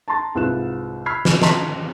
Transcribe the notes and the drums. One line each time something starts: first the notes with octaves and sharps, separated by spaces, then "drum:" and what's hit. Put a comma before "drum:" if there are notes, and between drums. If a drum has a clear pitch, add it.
A5 A#5 C6 A6
C2 G#2 F4 B4 F#6 E7
B5 E6 F6 G#6 B6 C7
drum: snare
D#5 A5 A#5 C6 A#6 B6, drum: snare